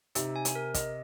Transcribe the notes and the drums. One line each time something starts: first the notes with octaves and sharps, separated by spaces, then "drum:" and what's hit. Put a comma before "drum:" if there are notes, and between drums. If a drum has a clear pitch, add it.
C3 D#4, drum: hi-hat
G#5
drum: hi-hat
A#4
D#5, drum: kick, hi-hat